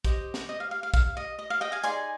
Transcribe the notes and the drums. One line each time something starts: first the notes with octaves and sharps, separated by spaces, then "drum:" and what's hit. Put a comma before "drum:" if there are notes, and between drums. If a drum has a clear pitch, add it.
G4 C5 D#5, drum: kick A#1, hi-hat
drum: snare
D#5
F5
F5
F5
F5, drum: kick A#1, hi-hat
D#5
D#5
F5
D#5 G5
F5 G#5
D#4 G#4 D5 G#5 C6, drum: hi-hat